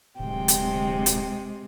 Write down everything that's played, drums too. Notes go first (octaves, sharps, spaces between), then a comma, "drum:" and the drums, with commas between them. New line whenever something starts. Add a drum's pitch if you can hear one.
D1 C3 G#3 G5
drum: hi-hat
drum: hi-hat